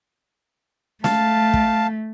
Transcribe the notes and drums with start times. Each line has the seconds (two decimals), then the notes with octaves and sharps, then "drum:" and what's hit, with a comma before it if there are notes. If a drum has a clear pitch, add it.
1.04 A3 F5 A5, drum: snare
1.54 drum: kick